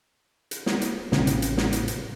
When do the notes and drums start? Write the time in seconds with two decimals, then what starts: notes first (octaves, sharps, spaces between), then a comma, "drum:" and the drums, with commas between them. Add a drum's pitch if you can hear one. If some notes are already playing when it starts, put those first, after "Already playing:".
0.51 drum: hi-hat
0.66 drum: snare
0.81 drum: hi-hat
1.12 A1 C#3 C4 C#4, drum: snare
1.27 drum: hi-hat
1.42 drum: hi-hat
1.57 drum: snare
1.73 drum: hi-hat
1.88 drum: hi-hat